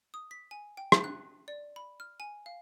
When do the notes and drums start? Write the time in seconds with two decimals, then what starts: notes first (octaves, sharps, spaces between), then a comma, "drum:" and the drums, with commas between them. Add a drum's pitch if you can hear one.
0.14 D#6
0.31 B6
0.51 G#5
0.77 G5
0.92 G6, drum: rim click
1.04 F#6
1.48 D5
1.76 B5
2.00 F6
2.20 G#5
2.46 F5